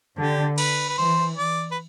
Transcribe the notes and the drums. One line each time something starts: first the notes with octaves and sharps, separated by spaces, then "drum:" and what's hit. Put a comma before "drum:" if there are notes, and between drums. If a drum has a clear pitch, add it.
D3 G4
B4, drum: cymbal
B4
E3 C5
D5
B4